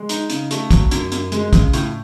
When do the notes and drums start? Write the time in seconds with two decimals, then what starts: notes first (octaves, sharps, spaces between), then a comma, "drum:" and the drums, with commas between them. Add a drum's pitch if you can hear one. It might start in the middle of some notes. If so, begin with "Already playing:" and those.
Already playing: G#3
0.09 D#4, drum: hi-hat
0.30 C#3, drum: hi-hat
0.51 A3, drum: hi-hat
0.71 F#3, drum: kick, hi-hat
0.91 F#2, drum: hi-hat
1.12 F#2, drum: hi-hat
1.32 G#3, drum: hi-hat
1.53 C#3, drum: kick, hi-hat
1.73 A2, drum: hi-hat